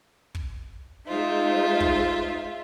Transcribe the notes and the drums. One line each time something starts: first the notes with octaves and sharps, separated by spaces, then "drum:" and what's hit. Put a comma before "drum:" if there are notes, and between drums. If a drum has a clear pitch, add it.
drum: kick
G#3 D#4 F4 C5 E5
drum: kick